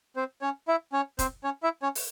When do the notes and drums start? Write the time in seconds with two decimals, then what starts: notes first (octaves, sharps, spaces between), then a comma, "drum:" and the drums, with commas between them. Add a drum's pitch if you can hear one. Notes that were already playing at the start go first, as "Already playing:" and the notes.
0.16 C4 C5
0.41 C#4 C#5
0.68 E4 E5
0.93 C#4 C#5
1.19 C4 C5, drum: kick, hi-hat
1.44 C#4 C#5
1.63 E4 E5
1.82 C#4 C#5
1.95 drum: open hi-hat